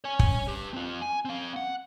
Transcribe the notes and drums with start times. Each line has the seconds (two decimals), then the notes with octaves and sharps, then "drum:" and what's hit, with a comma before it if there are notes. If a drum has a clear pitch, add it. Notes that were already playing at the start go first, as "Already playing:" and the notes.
0.04 C#5 G#5
0.19 drum: kick
0.48 G4 B4
0.74 C4 F4
1.02 G#5
1.25 C4 F5
1.56 F#5